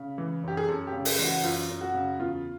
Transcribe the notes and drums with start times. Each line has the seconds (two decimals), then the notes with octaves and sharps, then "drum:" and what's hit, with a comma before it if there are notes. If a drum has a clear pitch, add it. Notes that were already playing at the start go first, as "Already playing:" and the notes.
Already playing: C#3
0.18 E3
0.43 F#2 G4
0.57 G#4
0.67 F#2 A4
0.87 G4
0.93 C#3
1.05 G#4, drum: open hi-hat
1.19 E3
1.24 F#4
1.43 F#2 F4
1.69 F#2
1.81 F#4
1.94 C#3
2.19 E2 F4